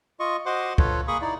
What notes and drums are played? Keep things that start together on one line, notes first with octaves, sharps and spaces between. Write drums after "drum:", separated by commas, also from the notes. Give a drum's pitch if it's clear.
F4 D#5 C#6
F#4 C5 D#5 F#5 C6 D6
F4 A4 B4 C#5, drum: kick
A#3 G#4 B5 C#6 D#6
D#4 E4 D5